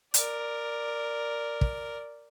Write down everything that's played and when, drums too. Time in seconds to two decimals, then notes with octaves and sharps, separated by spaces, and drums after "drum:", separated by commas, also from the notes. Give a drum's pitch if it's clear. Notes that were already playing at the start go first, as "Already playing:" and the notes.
0.14 A#4 D5, drum: hi-hat
1.61 drum: kick